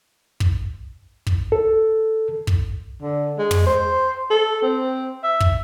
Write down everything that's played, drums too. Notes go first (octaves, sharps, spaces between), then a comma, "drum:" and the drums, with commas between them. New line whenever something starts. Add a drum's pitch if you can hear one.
drum: kick
drum: kick
A4
drum: kick
D3
G#3
drum: tom
C5
A4
C4
E5
drum: kick